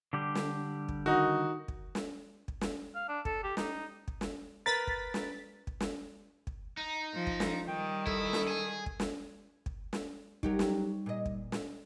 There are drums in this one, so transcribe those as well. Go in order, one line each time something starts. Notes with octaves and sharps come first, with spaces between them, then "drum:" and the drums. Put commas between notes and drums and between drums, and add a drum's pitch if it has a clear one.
D3 G3 G4
drum: snare
drum: kick
D#3 D#4 F#4
drum: kick
drum: snare
drum: kick
drum: snare
F5
D4
A4, drum: kick
G4
D#4, drum: snare
drum: kick
drum: snare
A#4 B4 A6 B6
drum: kick
drum: snare
drum: kick
drum: snare
drum: kick
D#4
F3
drum: kick
drum: snare
D#3 G3 G5
E4 A4, drum: kick
drum: snare
G#4
drum: kick
drum: snare
drum: kick
drum: snare
F#3 G3 D#4 G4 A#4, drum: kick
drum: snare
A#2 D#5
drum: kick
drum: snare